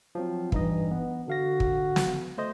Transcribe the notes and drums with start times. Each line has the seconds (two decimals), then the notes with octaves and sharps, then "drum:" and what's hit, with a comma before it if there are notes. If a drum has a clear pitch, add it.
0.15 F3 F#3 C4
0.52 G2 E3 D#4 D#5, drum: kick
0.91 B3
1.28 D3 F#4 F5 A#6
1.60 drum: kick
1.96 drum: snare
2.38 A3 C5 D#5